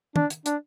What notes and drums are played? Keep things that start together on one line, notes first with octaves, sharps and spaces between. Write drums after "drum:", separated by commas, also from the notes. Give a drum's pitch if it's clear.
D4, drum: tom
drum: hi-hat
D4, drum: hi-hat